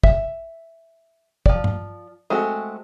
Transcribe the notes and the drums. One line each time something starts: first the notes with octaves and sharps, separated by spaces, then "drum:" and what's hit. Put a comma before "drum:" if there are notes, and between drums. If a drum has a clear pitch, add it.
E5, drum: kick
F3 D5, drum: kick
drum: tom G2
G#3 A3 C4 F#4